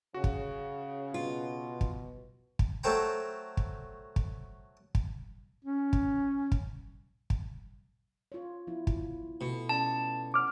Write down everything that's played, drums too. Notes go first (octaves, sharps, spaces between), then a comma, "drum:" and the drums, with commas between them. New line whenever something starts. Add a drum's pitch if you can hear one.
C#3 F#4
drum: kick
B2 F4
drum: kick
drum: kick
F#3 A3 A4 C5 G5 A#5
drum: kick
drum: kick
drum: kick
C#4
drum: kick
drum: kick
drum: kick
F4 C#5
F3 B3 E4
drum: kick
B2 A3 B3
C#4 D5 A5
C#5 F#5 D6 F6